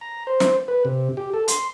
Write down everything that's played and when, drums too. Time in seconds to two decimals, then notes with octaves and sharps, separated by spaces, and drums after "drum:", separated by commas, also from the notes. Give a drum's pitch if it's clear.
0.01 A#5
0.27 C5
0.40 drum: snare
0.68 B4
0.85 C3
1.17 G4
1.34 A4
1.48 C6, drum: hi-hat